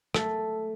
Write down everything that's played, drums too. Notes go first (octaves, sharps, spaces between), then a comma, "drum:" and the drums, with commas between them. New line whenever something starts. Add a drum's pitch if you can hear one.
A3, drum: rim click